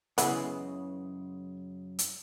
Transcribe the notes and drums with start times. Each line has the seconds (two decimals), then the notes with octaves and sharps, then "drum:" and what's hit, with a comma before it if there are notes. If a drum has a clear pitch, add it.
0.18 F#2 C#3 E3 G#3 B3 E4, drum: hi-hat
1.99 drum: hi-hat